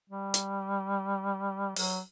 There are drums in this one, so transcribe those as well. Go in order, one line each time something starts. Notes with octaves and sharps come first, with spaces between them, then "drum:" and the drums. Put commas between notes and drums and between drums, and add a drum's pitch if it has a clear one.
G3
drum: hi-hat
F#3, drum: open hi-hat